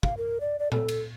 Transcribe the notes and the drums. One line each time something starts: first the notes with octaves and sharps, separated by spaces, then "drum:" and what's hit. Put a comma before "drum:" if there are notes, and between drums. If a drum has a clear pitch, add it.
F5, drum: kick
A#4
D5
D5
A4, drum: tom A#2
drum: cymbal